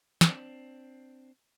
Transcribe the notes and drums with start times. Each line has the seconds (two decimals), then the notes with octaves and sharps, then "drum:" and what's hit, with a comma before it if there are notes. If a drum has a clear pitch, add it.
0.21 C4 D4, drum: snare